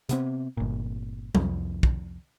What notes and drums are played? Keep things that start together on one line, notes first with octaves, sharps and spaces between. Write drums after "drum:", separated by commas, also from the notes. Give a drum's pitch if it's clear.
C3 B3 C4, drum: hi-hat
G1 A#2
C2 F2, drum: tom F#3
drum: kick